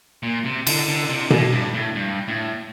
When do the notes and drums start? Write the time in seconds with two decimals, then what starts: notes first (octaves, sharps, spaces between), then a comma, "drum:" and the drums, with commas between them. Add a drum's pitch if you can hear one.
0.23 A#2
0.45 C3
0.67 D3, drum: cymbal
0.88 D3
1.09 C3
1.30 A2, drum: tom B2
1.52 G2
1.74 A2
1.95 G2
2.28 A2